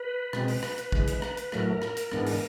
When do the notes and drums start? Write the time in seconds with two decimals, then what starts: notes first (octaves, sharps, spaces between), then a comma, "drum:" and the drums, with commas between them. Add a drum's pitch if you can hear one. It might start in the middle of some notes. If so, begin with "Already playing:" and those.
Already playing: B4
0.33 B2 G#3 C4, drum: rim click
0.48 drum: open hi-hat
0.63 drum: rim click
0.78 drum: hi-hat
0.92 C#3 E3 G#3, drum: kick
1.07 drum: hi-hat
1.22 drum: rim click
1.37 drum: hi-hat
1.52 A2 F#3 A3 A#4, drum: rim click
1.82 drum: rim click
1.97 drum: hi-hat
2.12 G#2 E3 G#3 B3 D4, drum: rim click
2.26 drum: open hi-hat